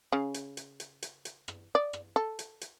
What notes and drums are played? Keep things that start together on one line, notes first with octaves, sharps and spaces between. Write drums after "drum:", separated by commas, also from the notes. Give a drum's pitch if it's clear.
C#3
drum: hi-hat
drum: hi-hat
drum: hi-hat
drum: hi-hat
drum: hi-hat
drum: rim click
D5
drum: rim click
A4
drum: hi-hat
drum: hi-hat